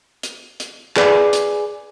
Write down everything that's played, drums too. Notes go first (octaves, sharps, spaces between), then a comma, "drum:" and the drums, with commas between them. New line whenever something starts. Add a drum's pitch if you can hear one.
drum: hi-hat
drum: hi-hat
G#4 B4 D5, drum: clap
drum: hi-hat